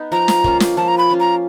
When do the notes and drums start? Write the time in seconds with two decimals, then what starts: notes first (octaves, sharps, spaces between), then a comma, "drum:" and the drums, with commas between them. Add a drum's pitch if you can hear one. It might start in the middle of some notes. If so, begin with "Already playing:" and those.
Already playing: B3 D#4
0.12 F3 A#5
0.28 drum: snare
0.44 A#3 C#4 F4, drum: kick
0.60 drum: snare
0.77 F3 A5
0.88 A#5
0.98 B5
1.09 A#3 C#4 F4
1.20 A#5